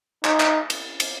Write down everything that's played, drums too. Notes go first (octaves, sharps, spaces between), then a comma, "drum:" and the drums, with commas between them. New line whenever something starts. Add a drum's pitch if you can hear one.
D#4, drum: clap
drum: clap
drum: cymbal
drum: cymbal